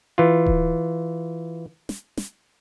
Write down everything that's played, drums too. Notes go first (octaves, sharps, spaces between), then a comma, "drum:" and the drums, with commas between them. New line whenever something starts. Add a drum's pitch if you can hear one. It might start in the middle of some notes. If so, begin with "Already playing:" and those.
E3 F4
drum: kick D#1
drum: snare
drum: snare